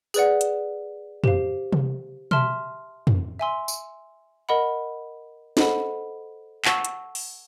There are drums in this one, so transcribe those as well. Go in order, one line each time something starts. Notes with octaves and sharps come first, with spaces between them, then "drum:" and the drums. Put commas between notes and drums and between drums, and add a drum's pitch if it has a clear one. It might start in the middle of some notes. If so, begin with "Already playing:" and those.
G#4 B4 D5 F#5, drum: tambourine
drum: hi-hat
G4 C5 F5, drum: tom
drum: tom C3
E5 A5 C6 F6, drum: tom B2
drum: tom
E5 G#5 C6 E6
drum: tambourine
A#4 D#5 F#5 B5
A4 C5 D#5 F#5 B5, drum: snare
F#5 A5 C#6 E6, drum: clap
drum: hi-hat
drum: open hi-hat